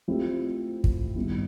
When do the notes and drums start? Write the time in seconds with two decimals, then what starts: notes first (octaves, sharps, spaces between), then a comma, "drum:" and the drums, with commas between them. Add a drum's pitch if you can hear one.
0.08 F3 A3 C4 E4 G4
0.84 drum: kick
1.16 G2 D#3 G3 B3 E4